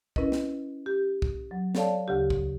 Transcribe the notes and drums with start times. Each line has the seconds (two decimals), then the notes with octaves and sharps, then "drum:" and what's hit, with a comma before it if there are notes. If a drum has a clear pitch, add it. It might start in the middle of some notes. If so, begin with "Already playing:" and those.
0.16 C#4 E4 A#4 B4 D#5, drum: kick
0.32 drum: snare
0.86 G4
1.22 drum: kick
1.51 F#3
1.75 A4 C#5 D5 F5 A5, drum: snare
2.08 D2 C#3 G4
2.30 drum: kick